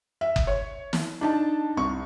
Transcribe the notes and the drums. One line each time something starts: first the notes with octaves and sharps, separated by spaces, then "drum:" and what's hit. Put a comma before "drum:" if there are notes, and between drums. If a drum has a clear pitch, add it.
E5
drum: kick F#1
C#5
drum: snare
D4 D#4 A5
C2 C#6